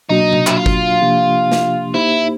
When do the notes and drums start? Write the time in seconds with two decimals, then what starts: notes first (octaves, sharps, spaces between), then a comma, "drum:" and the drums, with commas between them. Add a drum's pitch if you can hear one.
0.09 B2 F#3 A#3 D4 D#4 F#4
0.33 drum: tom C3
0.47 E4, drum: clap
0.55 F4
0.66 drum: kick G1
1.01 C3 F3 A#3 D4 G4
1.52 drum: snare
1.94 A#3 D#4 E4 G4 C5